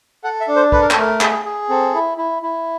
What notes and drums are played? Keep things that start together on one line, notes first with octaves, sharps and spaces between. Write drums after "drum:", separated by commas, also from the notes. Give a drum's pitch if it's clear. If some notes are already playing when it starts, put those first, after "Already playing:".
A4 F#5
E5
D4
C5
A4 B4, drum: kick
A#4
A4, drum: clap
A3 A#4
G#4, drum: clap
G#4
C4 A4
E4
E4
E4